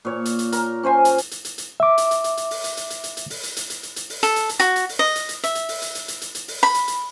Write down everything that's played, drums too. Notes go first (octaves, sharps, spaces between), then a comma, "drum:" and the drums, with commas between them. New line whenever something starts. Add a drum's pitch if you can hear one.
A#2 C#5
drum: hi-hat
drum: hi-hat
A#4, drum: hi-hat
C#4 C5 G#5 C6
drum: hi-hat
drum: hi-hat
drum: hi-hat
drum: hi-hat
drum: hi-hat
E5 D6
drum: hi-hat
drum: hi-hat
drum: hi-hat
drum: hi-hat
drum: open hi-hat
drum: hi-hat
drum: hi-hat
drum: hi-hat
drum: hi-hat
drum: hi-hat
drum: open hi-hat
drum: hi-hat
drum: hi-hat
drum: hi-hat
drum: hi-hat
drum: hi-hat
drum: open hi-hat
A4, drum: hi-hat
drum: hi-hat
drum: hi-hat
F#4, drum: hi-hat
drum: hi-hat
drum: open hi-hat
D#5
drum: hi-hat
drum: hi-hat
E5, drum: hi-hat
drum: hi-hat
drum: open hi-hat
drum: hi-hat
drum: hi-hat
drum: hi-hat
drum: hi-hat
drum: hi-hat
drum: open hi-hat
B5
drum: hi-hat
drum: hi-hat